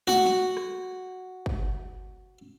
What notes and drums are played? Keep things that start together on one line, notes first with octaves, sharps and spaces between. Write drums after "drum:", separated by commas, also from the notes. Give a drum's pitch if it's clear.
F#4 F#5, drum: tom G#3
drum: snare
drum: rim click
drum: kick